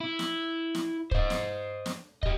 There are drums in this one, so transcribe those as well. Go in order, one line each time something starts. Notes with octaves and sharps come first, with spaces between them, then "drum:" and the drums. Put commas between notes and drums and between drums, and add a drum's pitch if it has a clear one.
E4
drum: snare
drum: snare
C5 D#5, drum: kick
drum: snare
drum: snare
G4 D#5, drum: kick